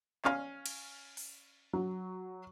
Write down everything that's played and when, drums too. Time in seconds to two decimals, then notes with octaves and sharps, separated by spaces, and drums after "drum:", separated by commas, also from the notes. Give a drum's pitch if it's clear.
0.25 C#4 F5, drum: clap
0.66 drum: cymbal
1.17 drum: open hi-hat
1.73 F#3